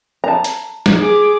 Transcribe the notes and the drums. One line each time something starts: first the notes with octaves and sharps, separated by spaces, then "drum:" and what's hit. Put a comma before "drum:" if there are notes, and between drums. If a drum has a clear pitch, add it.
A5 A#5
drum: hi-hat
drum: snare
G#4 D6